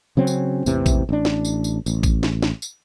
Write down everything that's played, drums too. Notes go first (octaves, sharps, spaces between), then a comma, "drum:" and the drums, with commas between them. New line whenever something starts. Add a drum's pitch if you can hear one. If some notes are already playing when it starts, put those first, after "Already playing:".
C#3 F#3 C4 C#4
drum: tambourine
A1 E2 C3 E3, drum: tambourine
drum: kick A1, tambourine
A1 D4
drum: snare
drum: tambourine
drum: tambourine
A1, drum: tambourine
drum: kick A1, tambourine
drum: snare
drum: snare
drum: tambourine